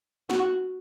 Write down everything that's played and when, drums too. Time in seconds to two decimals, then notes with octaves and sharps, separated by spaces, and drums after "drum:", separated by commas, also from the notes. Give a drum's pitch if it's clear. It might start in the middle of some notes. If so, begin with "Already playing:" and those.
0.30 F#4, drum: snare